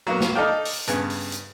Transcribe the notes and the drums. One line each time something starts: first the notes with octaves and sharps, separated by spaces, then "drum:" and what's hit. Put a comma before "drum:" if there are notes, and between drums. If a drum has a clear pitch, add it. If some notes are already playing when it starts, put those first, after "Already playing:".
F#3 A#3 B3
drum: snare
D#4 A4 D5 F5 G5
drum: open hi-hat
G2 C#3 B3 G#5, drum: hi-hat
drum: open hi-hat
drum: hi-hat